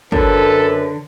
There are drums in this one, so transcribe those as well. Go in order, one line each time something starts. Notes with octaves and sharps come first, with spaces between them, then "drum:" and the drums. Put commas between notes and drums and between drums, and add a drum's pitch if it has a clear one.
F#2 D3 A4 B4, drum: kick